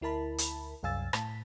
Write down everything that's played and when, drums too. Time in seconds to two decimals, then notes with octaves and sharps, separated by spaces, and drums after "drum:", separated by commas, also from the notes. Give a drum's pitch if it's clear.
0.01 D2 E4 A#4 A5 B5
0.38 drum: hi-hat
0.83 C2 F#2 F5 G#5 E6 A6
1.13 A2 A5 B6, drum: rim click